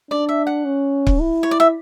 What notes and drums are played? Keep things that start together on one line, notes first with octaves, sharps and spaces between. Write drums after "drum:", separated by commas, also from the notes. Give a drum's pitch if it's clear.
D4 D5
E5
F#5
C#4
drum: kick C#1
E4
C#5
D5
E5